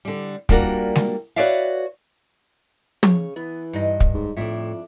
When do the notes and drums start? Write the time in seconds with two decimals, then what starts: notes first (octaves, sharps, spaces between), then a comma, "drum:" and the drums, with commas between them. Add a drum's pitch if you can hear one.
0.05 D3 G3
0.49 G3 A#3 D4 F4 F#4 A#4, drum: kick
0.95 drum: snare G#3
1.36 F#4 B4 C#5 D5 E5 F5
3.03 C#3 C#5, drum: tom
3.36 E3 B3
3.73 G2 D#4 D#5
4.00 drum: kick
4.14 G#2
4.37 F2 A2 D4 E5